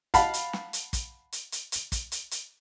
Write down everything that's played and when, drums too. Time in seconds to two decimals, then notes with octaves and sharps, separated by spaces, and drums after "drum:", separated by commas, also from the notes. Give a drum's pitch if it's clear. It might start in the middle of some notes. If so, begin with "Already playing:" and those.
0.14 F5 F#5 A5 B5, drum: kick, hi-hat
0.34 drum: hi-hat
0.53 drum: snare
0.73 drum: hi-hat
0.93 drum: kick, hi-hat
1.32 drum: hi-hat
1.52 drum: hi-hat
1.72 drum: hi-hat
1.92 drum: kick, hi-hat
2.12 drum: hi-hat
2.31 drum: hi-hat